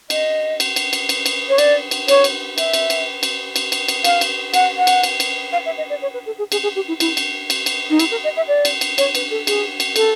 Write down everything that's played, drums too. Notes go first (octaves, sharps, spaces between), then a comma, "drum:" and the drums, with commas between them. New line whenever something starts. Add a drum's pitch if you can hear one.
D#5, drum: cymbal
drum: cymbal
drum: cymbal
drum: cymbal
drum: cymbal
drum: cymbal
C#5
D5, drum: cymbal
drum: cymbal
C#5, drum: cymbal
drum: cymbal
E5, drum: cymbal
drum: cymbal
drum: cymbal
drum: cymbal
drum: cymbal
drum: cymbal
drum: cymbal
F5, drum: cymbal
drum: cymbal
F#5, drum: cymbal
F#5
drum: cymbal
drum: cymbal
drum: cymbal
F5
E5
D#5
D5
C#5
B4
A4
G#4
G#4, drum: cymbal
G#4
G4
E4
E4, drum: cymbal
drum: cymbal
drum: cymbal
drum: cymbal
D#4
E4, drum: cymbal
A#4
D#5
E5
D5
drum: cymbal
drum: cymbal
C#5, drum: cymbal
B4, drum: cymbal
A4
G#4, drum: cymbal
drum: cymbal
A4, drum: cymbal